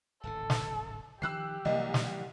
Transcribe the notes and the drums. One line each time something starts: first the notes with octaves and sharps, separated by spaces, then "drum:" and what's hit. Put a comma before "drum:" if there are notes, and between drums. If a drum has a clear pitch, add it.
D1 G#1 C#3 A4
drum: snare
D#3 F3 G4 E6 F#6 C7
C2 E3 F#3 G#3 A#3 D#5
drum: snare